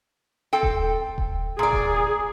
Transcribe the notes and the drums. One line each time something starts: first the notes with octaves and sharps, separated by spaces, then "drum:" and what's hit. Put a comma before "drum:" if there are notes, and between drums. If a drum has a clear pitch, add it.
C4 A4 G5
drum: kick D#1
drum: kick D#1
A#2 G#4 D5
drum: kick D#1